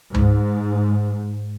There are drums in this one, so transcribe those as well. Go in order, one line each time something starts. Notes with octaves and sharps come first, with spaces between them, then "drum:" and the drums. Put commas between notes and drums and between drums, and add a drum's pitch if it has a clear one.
G#2, drum: tom C#2